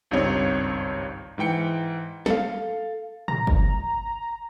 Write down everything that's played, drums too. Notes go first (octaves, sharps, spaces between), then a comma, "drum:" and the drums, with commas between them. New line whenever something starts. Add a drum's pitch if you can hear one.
G#1 C#2 G2 C4 D#4 C#5
G#2 E3 G5 C#7
A4 F5, drum: snare
A#5, drum: tom
drum: kick F#1